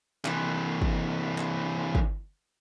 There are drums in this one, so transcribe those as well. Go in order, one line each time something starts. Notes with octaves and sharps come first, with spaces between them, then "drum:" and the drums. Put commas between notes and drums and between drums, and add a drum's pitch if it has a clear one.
C3 E3, drum: clap
drum: kick
drum: clap
drum: kick